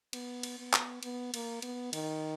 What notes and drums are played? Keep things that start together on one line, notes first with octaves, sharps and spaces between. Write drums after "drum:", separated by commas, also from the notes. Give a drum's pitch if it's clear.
B3, drum: cymbal
drum: cymbal
B3
drum: clap
B3, drum: cymbal
A#3, drum: cymbal
B3, drum: cymbal
D#3, drum: cymbal